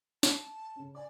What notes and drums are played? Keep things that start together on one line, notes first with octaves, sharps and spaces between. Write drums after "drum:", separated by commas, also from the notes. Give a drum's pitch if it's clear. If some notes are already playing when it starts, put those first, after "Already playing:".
A5, drum: snare
C#3 C#4
D5 G#5 D6